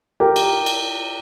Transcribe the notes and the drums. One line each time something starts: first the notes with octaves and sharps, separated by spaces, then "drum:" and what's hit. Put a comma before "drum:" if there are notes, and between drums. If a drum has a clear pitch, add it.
G4 A#4
drum: cymbal
drum: cymbal